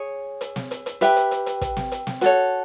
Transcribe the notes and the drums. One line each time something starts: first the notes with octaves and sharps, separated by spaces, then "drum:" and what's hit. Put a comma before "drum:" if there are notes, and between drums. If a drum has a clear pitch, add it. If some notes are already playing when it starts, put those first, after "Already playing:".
Already playing: G#4 C#5
drum: hi-hat
drum: snare
drum: hi-hat
drum: hi-hat
G4 B4 E5 G5, drum: hi-hat
drum: hi-hat
drum: hi-hat
drum: hi-hat
drum: kick, hi-hat
drum: snare
drum: hi-hat
drum: snare
F#4 A4 C#5, drum: hi-hat